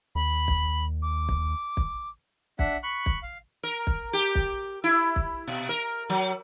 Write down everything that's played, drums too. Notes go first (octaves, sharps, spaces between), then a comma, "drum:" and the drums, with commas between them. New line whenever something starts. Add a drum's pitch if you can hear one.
D#2 B5
drum: kick
D6
drum: kick
drum: kick
D4 E5 F#5, drum: kick
B5 C#6 F#6
drum: kick
F5
A#4
drum: kick
G4
drum: kick
E4
drum: kick
B2
A#4
F#3